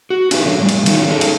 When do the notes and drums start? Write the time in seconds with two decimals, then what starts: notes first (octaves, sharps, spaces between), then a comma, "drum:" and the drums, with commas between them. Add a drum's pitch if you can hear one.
0.10 F#4
0.31 C#4 D#4 E4 G4 B4, drum: cymbal
0.45 D3 F#3 A3 B3 D4
0.58 A2 G3
0.69 drum: cymbal
0.86 D#3 F#3 C#4 D#4 F4, drum: cymbal
1.08 G#3 C#4 D#4 A4
1.21 drum: cymbal